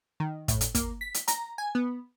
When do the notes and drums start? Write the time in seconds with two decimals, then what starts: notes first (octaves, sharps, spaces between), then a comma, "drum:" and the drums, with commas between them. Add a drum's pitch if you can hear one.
0.20 D#3
0.48 A2, drum: kick, hi-hat
0.61 drum: hi-hat
0.75 A#3, drum: kick, hi-hat
1.01 B6
1.14 drum: hi-hat
1.28 A#5, drum: hi-hat
1.58 G#5
1.75 B3